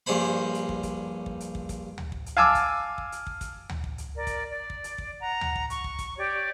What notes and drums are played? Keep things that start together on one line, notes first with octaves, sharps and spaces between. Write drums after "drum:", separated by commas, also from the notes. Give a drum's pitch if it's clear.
A#1 G2 C#4 C5 B5
drum: hi-hat
drum: kick
drum: kick, hi-hat
drum: kick
drum: hi-hat
drum: kick
drum: kick, hi-hat
drum: tom D2
drum: kick
drum: hi-hat
F5 G#5 A5 D6 E6
drum: kick, hi-hat
drum: kick
drum: hi-hat
drum: kick
drum: kick, hi-hat
drum: tom D2
drum: kick
drum: hi-hat
A#4 D5
drum: kick, hi-hat
D5
drum: kick
drum: hi-hat
drum: kick
F#5 A#5
drum: tom D2
drum: kick
C#6, drum: hi-hat
drum: kick
drum: kick, hi-hat
G4 C#5 D5